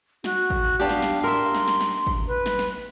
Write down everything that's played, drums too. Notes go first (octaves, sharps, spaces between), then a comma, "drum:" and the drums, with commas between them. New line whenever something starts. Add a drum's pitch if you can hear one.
F#4, drum: snare
drum: kick G#1
B3 D4 G4 F5
drum: snare
drum: snare
A#4 E5 C6
drum: snare
drum: snare
drum: snare
drum: kick G#1
B4
drum: snare
drum: snare